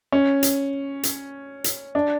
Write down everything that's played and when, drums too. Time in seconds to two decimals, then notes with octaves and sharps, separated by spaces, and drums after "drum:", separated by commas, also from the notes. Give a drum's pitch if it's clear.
0.12 C#4
0.43 drum: hi-hat
1.03 drum: hi-hat
1.64 drum: hi-hat
1.95 D4